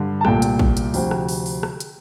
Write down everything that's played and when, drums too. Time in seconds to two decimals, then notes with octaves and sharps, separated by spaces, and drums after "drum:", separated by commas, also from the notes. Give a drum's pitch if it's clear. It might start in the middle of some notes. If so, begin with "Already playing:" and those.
Already playing: G2 D3
0.21 A5
0.25 C2 A#2 A3 G5, drum: rim click
0.42 drum: hi-hat
0.59 drum: kick
0.77 drum: hi-hat
0.94 D2 C3 F3 G5, drum: open hi-hat
1.11 drum: rim click
1.29 drum: open hi-hat
1.46 drum: open hi-hat
1.63 drum: rim click
1.80 drum: hi-hat